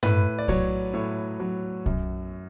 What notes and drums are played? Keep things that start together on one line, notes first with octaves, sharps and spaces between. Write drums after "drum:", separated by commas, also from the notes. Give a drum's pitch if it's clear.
A2 B4, drum: tom G2
D5
F#3 C#5, drum: kick
A2 C#5
F#3
F#2, drum: kick